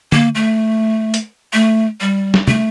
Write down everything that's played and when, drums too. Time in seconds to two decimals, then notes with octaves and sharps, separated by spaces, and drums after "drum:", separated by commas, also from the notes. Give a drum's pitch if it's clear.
0.12 A#3, drum: tom
0.35 A3
1.14 drum: hi-hat
1.53 A3
2.01 G3
2.34 drum: snare
2.48 A3, drum: tom